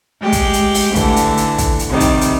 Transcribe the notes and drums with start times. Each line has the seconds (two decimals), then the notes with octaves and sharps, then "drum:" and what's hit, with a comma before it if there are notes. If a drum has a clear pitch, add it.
0.21 G#3 G4 G5
0.32 drum: kick, hi-hat
0.53 drum: hi-hat
0.74 drum: open hi-hat
0.95 D3 E3 A3, drum: kick, hi-hat
1.16 drum: hi-hat
1.37 drum: hi-hat
1.58 drum: kick, hi-hat
1.79 drum: hi-hat
1.90 C3 D#3 G3
2.00 drum: kick, hi-hat
2.21 drum: hi-hat